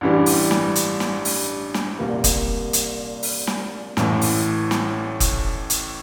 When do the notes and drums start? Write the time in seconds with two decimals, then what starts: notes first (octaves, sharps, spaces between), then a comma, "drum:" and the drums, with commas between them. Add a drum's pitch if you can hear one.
0.01 A1 G2 E3 G3 D4
0.26 drum: open hi-hat
0.51 drum: snare
0.76 drum: hi-hat
1.00 drum: snare
1.25 drum: open hi-hat
1.74 drum: snare
1.99 C2 A#2 G3 A#3
2.24 drum: kick, hi-hat
2.73 drum: hi-hat
3.23 drum: open hi-hat
3.47 drum: snare
3.97 A1 A2 E3, drum: snare
4.21 drum: open hi-hat
4.71 drum: snare
5.20 drum: kick, hi-hat
5.70 drum: hi-hat